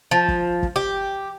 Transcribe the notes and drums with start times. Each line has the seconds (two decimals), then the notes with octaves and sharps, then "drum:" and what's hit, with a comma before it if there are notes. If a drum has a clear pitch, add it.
0.11 F3
0.28 drum: kick
0.63 drum: kick
0.76 G4